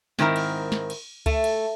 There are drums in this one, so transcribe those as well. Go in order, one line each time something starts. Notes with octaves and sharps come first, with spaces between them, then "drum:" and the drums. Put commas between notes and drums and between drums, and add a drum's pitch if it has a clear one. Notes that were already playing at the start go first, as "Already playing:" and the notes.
G#2 D#3 C4 E4 A#4 A#5, drum: snare
drum: cymbal
drum: snare
drum: cymbal
A3, drum: kick C#2, cymbal
drum: cymbal